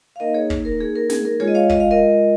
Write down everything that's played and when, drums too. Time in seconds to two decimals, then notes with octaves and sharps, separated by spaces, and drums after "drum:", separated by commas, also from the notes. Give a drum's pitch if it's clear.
0.16 F5
0.20 A#3 D#4 A#4 D#5
0.34 G#4 C#5
0.50 drum: kick
0.65 A#4
0.81 G#4
0.96 A#4
1.10 G#4, drum: snare
1.25 A#4
1.40 G#3 F4 G#4 C#5
1.48 D#5
1.55 C#5 F5
1.70 D#5, drum: kick
1.80 F5
1.91 A#4 D#5